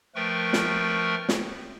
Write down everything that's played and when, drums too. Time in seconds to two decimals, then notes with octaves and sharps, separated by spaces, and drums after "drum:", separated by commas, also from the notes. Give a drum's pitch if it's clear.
0.15 F3 A3 A#4 B4 G5 C#6
0.53 drum: snare
1.29 drum: snare